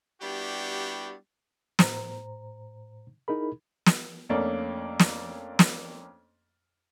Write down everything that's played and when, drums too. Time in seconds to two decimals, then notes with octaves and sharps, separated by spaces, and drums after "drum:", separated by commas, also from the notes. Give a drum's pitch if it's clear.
0.21 G3 B3 D4 E4 F#4 G4
1.79 A2 C5 A#5, drum: snare
3.28 D#4 E4 G#4 A#4 B5
3.86 drum: snare
4.29 F2 A3 A#3 C#4 D4
5.00 drum: snare
5.59 drum: snare